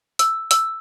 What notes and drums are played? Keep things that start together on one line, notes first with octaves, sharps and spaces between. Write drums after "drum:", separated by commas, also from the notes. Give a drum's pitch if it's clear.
E6, drum: hi-hat
E6, drum: hi-hat